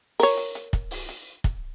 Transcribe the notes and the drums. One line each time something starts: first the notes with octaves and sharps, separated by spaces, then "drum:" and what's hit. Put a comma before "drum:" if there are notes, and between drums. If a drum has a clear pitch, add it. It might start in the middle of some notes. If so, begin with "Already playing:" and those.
A#4 C#5, drum: open hi-hat
drum: hi-hat
drum: hi-hat
drum: kick, hi-hat
drum: open hi-hat
drum: hi-hat
drum: kick, hi-hat